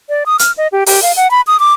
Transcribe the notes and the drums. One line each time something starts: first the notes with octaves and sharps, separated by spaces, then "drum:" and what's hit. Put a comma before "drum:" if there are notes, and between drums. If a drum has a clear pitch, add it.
D5
D#6
F6, drum: hi-hat
D#5
G4
G4, drum: open hi-hat
F5
F#5
B5
D#6
D6